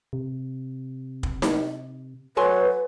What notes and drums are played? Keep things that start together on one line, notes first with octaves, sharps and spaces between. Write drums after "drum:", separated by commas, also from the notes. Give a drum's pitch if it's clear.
C3
drum: kick
drum: snare D#4
F#3 A4 B4 G#5 C6